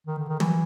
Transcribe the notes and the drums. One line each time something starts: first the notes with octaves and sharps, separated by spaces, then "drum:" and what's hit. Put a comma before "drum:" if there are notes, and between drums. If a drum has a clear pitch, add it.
D#3
D3
D#3
E3, drum: tom